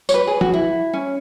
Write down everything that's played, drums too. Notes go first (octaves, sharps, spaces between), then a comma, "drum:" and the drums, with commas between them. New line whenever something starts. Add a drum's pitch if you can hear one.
C#5, drum: tambourine
B4
G#4
F#4, drum: tom
E4
C#4